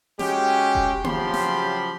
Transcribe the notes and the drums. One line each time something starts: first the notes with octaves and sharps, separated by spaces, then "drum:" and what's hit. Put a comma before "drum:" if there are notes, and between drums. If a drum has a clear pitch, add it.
G#3 C#4 F#4 G4, drum: snare
drum: kick E1
C#3 F3 F#3 G4 B5 C6, drum: tom A#3
drum: snare